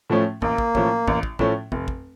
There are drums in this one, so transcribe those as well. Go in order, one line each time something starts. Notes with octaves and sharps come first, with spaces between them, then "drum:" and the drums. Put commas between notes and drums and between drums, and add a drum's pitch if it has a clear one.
A2 F3 A3 C#4
A1 A#3, drum: kick
drum: kick
A2 F3 A3 C#4, drum: kick
A1, drum: kick
drum: kick
A2 F3 A3 C#4, drum: kick
F1, drum: kick
drum: kick